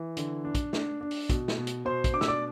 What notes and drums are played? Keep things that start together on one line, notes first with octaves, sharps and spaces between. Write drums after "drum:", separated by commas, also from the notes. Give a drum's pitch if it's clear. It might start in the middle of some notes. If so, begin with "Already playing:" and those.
Already playing: E3
D3, drum: hi-hat
D4
drum: kick, hi-hat
D4, drum: snare
D4
drum: open hi-hat
B2, drum: kick, hi-hat
drum: snare
B2
drum: hi-hat
B2 C5 C6
drum: kick, hi-hat
D4 D6
E6, drum: snare
D5 D6